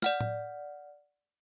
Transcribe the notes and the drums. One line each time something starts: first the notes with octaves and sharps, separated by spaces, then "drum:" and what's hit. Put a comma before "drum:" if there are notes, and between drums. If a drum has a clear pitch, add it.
D5 F#5 F6, drum: snare
drum: tom A2